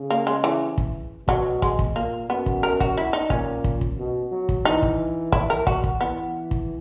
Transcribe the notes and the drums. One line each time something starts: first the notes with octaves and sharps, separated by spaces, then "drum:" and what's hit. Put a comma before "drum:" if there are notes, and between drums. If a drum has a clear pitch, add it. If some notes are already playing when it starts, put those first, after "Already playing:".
Already playing: C#3
A#3
G#3
E3
drum: kick
B2 F#3, drum: kick
G#3, drum: kick
drum: kick
A#2 A#3
F#2 B3
drum: kick
A#4
F#4, drum: kick
E4
D#4
A#2 C#4, drum: kick
drum: kick
drum: kick
B2
F#3
drum: kick
E3 D#4
drum: kick
E4, drum: kick
A#4
F#4, drum: kick
drum: kick
E3 B3
drum: kick